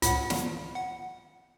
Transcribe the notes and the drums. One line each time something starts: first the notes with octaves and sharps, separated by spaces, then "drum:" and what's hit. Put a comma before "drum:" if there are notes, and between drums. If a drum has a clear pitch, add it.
C#2 A2 F4 F#5, drum: hi-hat
drum: snare
F#5